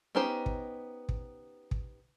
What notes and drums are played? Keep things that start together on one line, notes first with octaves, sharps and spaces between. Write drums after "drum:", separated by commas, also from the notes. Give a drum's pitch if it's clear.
B3 C#4 D#4 G4 C5
drum: kick
drum: kick
drum: kick